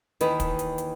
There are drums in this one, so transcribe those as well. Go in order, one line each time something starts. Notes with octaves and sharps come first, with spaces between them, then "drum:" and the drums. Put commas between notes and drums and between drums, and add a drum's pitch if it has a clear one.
D#2 D#3 E3 B4, drum: hi-hat
drum: kick, hi-hat
drum: hi-hat
drum: hi-hat